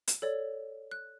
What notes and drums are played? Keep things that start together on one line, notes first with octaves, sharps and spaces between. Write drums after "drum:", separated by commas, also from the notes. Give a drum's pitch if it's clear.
drum: hi-hat
A4 C#5 D5
F#6